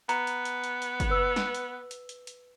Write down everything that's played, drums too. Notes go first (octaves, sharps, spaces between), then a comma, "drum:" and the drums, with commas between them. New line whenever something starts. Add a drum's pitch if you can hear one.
B3 A#5, drum: hi-hat
drum: hi-hat
drum: hi-hat
drum: hi-hat
drum: hi-hat
drum: kick, hi-hat
B4 E6
drum: snare
drum: hi-hat
drum: hi-hat
drum: hi-hat
drum: hi-hat